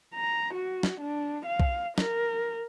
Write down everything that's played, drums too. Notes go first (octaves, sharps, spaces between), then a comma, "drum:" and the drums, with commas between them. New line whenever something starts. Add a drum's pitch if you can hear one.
A#5
F#4
drum: snare
D4
F5
drum: kick
A#4, drum: snare